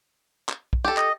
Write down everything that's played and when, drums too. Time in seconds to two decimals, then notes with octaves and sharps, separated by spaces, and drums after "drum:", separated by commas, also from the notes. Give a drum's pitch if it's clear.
0.49 drum: clap
0.73 drum: kick
0.85 G4 A4
0.97 D#5, drum: clap